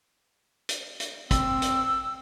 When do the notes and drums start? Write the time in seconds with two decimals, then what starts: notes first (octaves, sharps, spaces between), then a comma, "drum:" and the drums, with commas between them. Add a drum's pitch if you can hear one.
0.69 drum: hi-hat
1.00 drum: hi-hat
1.31 C4 E6, drum: kick, hi-hat
1.62 drum: hi-hat